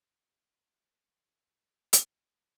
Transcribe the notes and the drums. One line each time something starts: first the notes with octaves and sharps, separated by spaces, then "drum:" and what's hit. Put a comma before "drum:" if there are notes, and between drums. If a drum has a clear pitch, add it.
C#4 C#5
drum: hi-hat